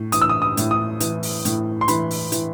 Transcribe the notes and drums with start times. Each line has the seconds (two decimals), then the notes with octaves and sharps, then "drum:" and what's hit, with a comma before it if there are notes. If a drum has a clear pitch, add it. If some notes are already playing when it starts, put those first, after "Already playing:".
Already playing: A2
0.12 E3 D#6, drum: hi-hat
0.22 E6
0.29 D#6
0.42 D#6
0.57 A2, drum: hi-hat
0.71 D#6
1.01 E3, drum: hi-hat
1.23 drum: open hi-hat
1.45 A2, drum: hi-hat
1.81 C6
1.88 E3 B5, drum: hi-hat
2.11 drum: open hi-hat
2.32 E3, drum: hi-hat